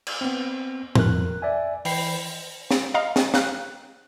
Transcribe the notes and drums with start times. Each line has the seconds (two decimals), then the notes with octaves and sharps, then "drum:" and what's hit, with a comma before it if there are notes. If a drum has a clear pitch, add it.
0.07 drum: cymbal
0.21 B3 C4
0.95 G1 F2 A#4 F#6, drum: tom A2
1.42 D5 E5 G#5
1.85 E3 G5 B5 C7, drum: open hi-hat
2.71 drum: snare
2.94 D#5 F5 A#5
3.16 drum: snare
3.34 F5 F#6, drum: snare